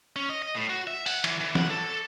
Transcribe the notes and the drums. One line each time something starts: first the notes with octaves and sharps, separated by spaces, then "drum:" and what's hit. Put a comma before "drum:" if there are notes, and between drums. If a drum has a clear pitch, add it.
C#4
D#5
D#5
A2
F#4
E5
F#5, drum: open hi-hat
E3, drum: cymbal
E3
F#5, drum: snare
A4